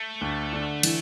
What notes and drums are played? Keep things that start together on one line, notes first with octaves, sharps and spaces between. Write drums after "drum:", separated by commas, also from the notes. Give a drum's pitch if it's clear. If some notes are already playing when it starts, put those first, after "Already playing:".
Already playing: A3
D2
D3
E3, drum: cymbal